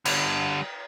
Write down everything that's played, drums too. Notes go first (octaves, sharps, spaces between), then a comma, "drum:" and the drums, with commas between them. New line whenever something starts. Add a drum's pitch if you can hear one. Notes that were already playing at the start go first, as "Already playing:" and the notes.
D3 G3, drum: cymbal